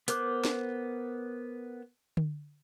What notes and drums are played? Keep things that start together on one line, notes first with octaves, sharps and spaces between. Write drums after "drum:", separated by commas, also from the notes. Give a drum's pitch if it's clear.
B3 A#4 C5 D6 F#6, drum: hi-hat
drum: snare
drum: tom D3